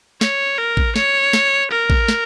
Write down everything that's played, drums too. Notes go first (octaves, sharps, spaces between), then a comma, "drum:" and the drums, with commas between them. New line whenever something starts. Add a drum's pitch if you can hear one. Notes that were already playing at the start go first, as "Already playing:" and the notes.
C#5, drum: snare
A#4
drum: kick A1
C#5, drum: snare
drum: snare
A#4
drum: kick A1
drum: snare